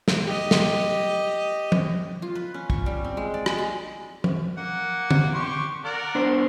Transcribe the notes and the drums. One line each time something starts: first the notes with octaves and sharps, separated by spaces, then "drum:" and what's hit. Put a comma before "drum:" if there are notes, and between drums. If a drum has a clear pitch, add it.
drum: snare
G4 D#5
drum: snare
drum: tom
F4
B4
C#4
C#6, drum: kick
G3
C4
G#3
D5
G#3, drum: rim click
G#4
drum: tom
A#3 F#5
drum: tom D3
G4 C6 C#6
A#4 D5 F#5
B3 D4 C5